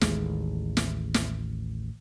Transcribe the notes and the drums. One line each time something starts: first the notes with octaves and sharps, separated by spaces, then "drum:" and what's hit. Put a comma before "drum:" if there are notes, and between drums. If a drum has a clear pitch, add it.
A1 D#2 G#3, drum: snare
drum: snare
drum: snare